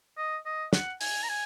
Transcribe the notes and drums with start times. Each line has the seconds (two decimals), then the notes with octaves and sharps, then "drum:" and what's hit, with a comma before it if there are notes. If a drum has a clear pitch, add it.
0.17 D#5
0.45 D#5
0.73 F#5, drum: snare
1.01 G#5, drum: open hi-hat
1.23 A#5
1.29 G#5